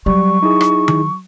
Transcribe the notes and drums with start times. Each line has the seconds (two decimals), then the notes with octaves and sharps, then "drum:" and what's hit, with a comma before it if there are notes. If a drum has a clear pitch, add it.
0.06 F#3 G3 C#6
0.43 D#4 E4 G#4
0.61 drum: rim click
0.88 drum: tom D#3